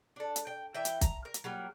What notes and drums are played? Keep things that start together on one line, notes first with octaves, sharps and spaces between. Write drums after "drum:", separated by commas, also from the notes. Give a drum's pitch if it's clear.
D4 A4
drum: hi-hat
G5
E3 E5 G5
drum: hi-hat
A#5, drum: kick, hi-hat
A#4
drum: hi-hat
F#3 G3 A#3 F4